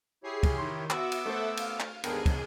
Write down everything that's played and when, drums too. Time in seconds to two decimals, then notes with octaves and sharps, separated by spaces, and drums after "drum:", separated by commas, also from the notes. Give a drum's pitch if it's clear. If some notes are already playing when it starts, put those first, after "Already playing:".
0.24 E4 G4 G#4 C#5 C7
0.43 drum: kick, cymbal
0.58 D#3 C6
0.90 B3 F#4 E5 D6 E6, drum: clap
1.12 drum: cymbal
1.26 A3 A4 C5 E5 F#5
1.57 F5, drum: cymbal
1.80 drum: clap
2.04 D#2 G#2 D3 B3 D4 G#4 A#4 G5, drum: cymbal
2.26 drum: kick, cymbal